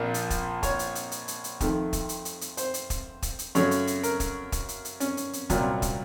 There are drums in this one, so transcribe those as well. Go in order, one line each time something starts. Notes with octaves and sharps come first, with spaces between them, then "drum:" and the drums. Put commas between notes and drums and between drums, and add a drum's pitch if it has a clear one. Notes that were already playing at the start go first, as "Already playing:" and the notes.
Already playing: A#1 A#2 F3 A#3
drum: hi-hat
drum: kick, hi-hat
C#5, drum: kick, hi-hat
drum: hi-hat
drum: hi-hat
drum: hi-hat
drum: hi-hat
drum: hi-hat
F2 D#3 A3, drum: kick, hi-hat
drum: kick, hi-hat
drum: hi-hat
drum: hi-hat
drum: hi-hat
C5, drum: hi-hat
drum: hi-hat
drum: kick, hi-hat
drum: kick, hi-hat
drum: hi-hat
F#2 C#3 A3 C#5, drum: hi-hat
drum: hi-hat
drum: hi-hat
A#4, drum: hi-hat
drum: kick, hi-hat
drum: kick, hi-hat
drum: hi-hat
drum: hi-hat
C#4, drum: hi-hat
drum: hi-hat
drum: hi-hat
C2 A#2 F#3, drum: kick, hi-hat
drum: kick, hi-hat